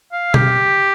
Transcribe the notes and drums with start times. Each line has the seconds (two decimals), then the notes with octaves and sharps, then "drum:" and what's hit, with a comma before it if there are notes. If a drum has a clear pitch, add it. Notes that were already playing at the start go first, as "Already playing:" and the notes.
0.12 F5
0.34 G4, drum: tom B2